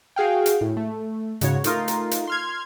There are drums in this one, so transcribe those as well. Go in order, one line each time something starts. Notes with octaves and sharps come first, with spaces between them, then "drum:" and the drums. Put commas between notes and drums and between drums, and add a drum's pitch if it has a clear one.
F#4 G#4 F5 G5
drum: hi-hat
A2
A3
G#2 C#3 F#4 C#5, drum: hi-hat
A3 D#4 F4 A#4, drum: hi-hat
drum: hi-hat
drum: hi-hat
C6 F6 G#6